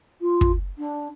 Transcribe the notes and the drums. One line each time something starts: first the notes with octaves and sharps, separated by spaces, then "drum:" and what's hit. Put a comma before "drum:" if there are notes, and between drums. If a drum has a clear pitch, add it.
F4
drum: kick
D4